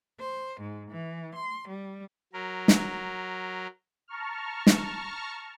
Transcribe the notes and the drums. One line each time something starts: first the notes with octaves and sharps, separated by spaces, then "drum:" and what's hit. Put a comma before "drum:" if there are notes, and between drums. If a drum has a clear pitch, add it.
C5
G#2
E3
C6
G3
F#3 A#4
drum: snare
A5 A#5 C#6 F6
drum: snare